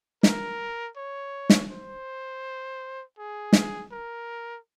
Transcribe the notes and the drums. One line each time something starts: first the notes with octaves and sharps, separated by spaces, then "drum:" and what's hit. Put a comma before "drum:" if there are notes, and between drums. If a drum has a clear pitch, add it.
A#4, drum: snare
C#5
drum: snare
C5
G#4
drum: snare
A#4